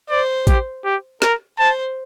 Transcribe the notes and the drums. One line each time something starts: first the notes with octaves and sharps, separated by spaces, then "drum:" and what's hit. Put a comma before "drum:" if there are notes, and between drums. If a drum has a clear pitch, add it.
C5 D5
G4, drum: kick, hi-hat
G4
A#4, drum: snare
C5 A5